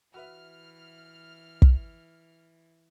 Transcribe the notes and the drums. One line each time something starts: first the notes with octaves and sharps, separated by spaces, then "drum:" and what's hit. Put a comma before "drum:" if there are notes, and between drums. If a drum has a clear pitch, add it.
E3 F#4 B4 E5 F6
drum: kick